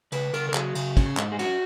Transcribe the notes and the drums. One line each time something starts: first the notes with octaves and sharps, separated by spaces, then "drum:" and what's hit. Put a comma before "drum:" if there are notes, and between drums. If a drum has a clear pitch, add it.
C#3 B4, drum: cymbal
C#3 A#4, drum: cymbal
A#4
F#3 G#4, drum: clap
C#3, drum: cymbal
C#4, drum: kick, cymbal
G#2, drum: clap
G#4
C#4 F#4, drum: cymbal